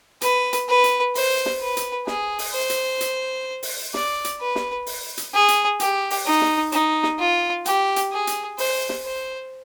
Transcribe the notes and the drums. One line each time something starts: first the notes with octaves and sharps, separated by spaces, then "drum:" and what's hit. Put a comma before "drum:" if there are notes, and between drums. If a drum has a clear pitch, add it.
B4, drum: hi-hat
drum: hi-hat
B4
drum: hi-hat
C5, drum: open hi-hat
drum: snare
B4
drum: hi-hat
G#4, drum: snare
drum: open hi-hat
C5
drum: hi-hat
drum: hi-hat
drum: open hi-hat
D5, drum: snare
drum: hi-hat
B4
drum: snare
drum: open hi-hat
drum: hi-hat
G#4
drum: hi-hat
G4, drum: hi-hat
drum: open hi-hat
D#4
drum: snare
D#4, drum: hi-hat
drum: snare
F4
G4, drum: hi-hat
drum: hi-hat
G#4
drum: hi-hat
C5, drum: open hi-hat
drum: snare
C5